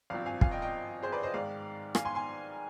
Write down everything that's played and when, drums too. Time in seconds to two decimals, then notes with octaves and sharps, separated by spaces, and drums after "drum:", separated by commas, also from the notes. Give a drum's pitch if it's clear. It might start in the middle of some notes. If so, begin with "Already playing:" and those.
0.10 G#1 G2 F3 C4 D5 F5
0.26 F5 G#5
0.41 F5 G#5, drum: kick
0.51 D#5 G5
0.62 D#5 G5
1.02 G#4 C5
1.12 B4 D5
1.23 C5 D#5
1.34 G#2 D#3 G#3 D5 F5
1.95 F5 G#5, drum: rim click
2.05 G#5 C6
2.15 G#5 C6